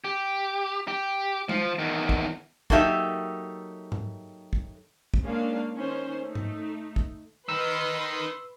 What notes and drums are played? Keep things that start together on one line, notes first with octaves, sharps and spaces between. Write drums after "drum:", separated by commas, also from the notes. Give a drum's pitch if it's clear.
G4
G4
F3, drum: tom G#3
E2 D#3
drum: kick
F#3 A3 A#3 D#4 G4 E5, drum: kick
drum: tom G#2
drum: kick
drum: kick
G#3 A#3 C#4 D4 F5
D#3 C#4 C5
A3 D#4
drum: tom G#2
drum: kick
D#4 A#4 B4 C6 E6